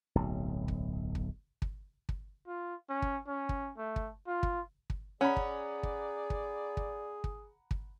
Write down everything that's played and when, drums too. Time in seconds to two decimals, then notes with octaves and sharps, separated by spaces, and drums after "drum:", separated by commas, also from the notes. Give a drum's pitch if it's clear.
0.15 D1 B1
0.68 drum: kick
1.15 drum: kick
1.62 drum: kick
2.09 drum: kick
2.47 F4
2.89 C#4
3.02 drum: kick
3.27 C#4
3.49 drum: kick
3.78 A3
3.96 drum: kick
4.27 F4
4.43 drum: kick
4.90 drum: kick
5.21 C#4 G#4 D5 F#5 A#5 B5
5.37 drum: kick
5.83 drum: kick
6.30 drum: kick
6.77 drum: kick
7.24 drum: kick
7.71 drum: kick